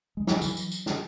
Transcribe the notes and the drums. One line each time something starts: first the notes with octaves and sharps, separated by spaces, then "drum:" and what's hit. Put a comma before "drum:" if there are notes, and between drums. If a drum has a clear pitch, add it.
G#3
E3 F#3, drum: snare
E3 F#3, drum: tambourine
drum: tambourine
drum: tambourine
drum: snare